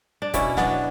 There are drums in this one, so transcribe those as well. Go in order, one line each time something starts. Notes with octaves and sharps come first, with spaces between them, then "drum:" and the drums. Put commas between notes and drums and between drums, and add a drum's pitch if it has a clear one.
D4
B2 C#4 E4, drum: kick, hi-hat
F#3 B3 D4, drum: snare